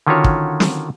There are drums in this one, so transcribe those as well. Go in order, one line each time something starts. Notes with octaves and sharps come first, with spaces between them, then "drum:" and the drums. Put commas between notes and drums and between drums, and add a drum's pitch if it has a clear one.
D3 D#3 C#4 F4 F#4 C#5
drum: kick
drum: snare